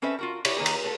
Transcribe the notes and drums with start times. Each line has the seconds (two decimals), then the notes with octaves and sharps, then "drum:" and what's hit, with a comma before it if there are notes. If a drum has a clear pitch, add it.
0.02 C4 C#4 A4 B4 C5 E5
0.19 F4 F#4 A#4
0.45 E4 F#4 G4 C#5 D5 E5, drum: cymbal
0.57 D#3 A#3 G#4
0.66 drum: cymbal
0.84 A3 A4